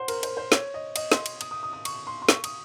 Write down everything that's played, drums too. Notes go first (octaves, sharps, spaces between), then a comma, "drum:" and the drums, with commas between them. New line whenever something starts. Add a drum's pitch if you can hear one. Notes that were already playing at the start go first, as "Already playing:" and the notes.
Already playing: C5 F#5
A#4, drum: cymbal
C5, drum: cymbal
C5
C#5, drum: snare
D#5
D#5, drum: cymbal
C6, drum: snare
drum: cymbal
D#6, drum: cymbal
D#6
D#6
D#6
C#6, drum: cymbal
C6
C6
C#6, drum: snare
D#6, drum: cymbal